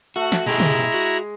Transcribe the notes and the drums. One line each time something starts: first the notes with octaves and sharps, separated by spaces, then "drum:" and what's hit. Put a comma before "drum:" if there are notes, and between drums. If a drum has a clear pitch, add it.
A3 F#4
drum: snare
B2 G#3 E4 G4 G#4 A#5
drum: tom
F#4